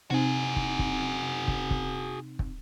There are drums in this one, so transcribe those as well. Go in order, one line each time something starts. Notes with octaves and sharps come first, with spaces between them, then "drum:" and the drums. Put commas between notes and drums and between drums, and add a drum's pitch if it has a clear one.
C3 C4 D#4 F#4 G#4
drum: kick
drum: kick
drum: kick
drum: kick
drum: kick